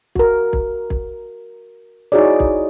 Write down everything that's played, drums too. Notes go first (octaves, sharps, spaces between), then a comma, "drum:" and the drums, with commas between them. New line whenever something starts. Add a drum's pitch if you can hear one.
F#4 A#4, drum: kick
drum: kick
drum: kick
D#4 E4 F#4 G#4 C#5 D5
drum: kick